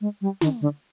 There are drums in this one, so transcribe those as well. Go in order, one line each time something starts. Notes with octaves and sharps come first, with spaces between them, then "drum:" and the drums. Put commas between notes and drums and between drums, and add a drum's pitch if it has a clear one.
G#3
G3
D#3, drum: snare
D3